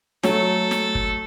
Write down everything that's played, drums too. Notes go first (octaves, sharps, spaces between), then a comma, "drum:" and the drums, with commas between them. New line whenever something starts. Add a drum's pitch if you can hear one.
F#3 A3 A4, drum: snare
drum: snare
drum: kick